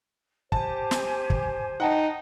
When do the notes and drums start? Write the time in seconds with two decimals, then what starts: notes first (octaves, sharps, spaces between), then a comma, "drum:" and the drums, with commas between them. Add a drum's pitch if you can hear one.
0.52 G4 C5 G#5 A5, drum: kick
0.91 drum: snare
1.30 drum: kick
1.80 D#4 F#5 G5 A5 A#5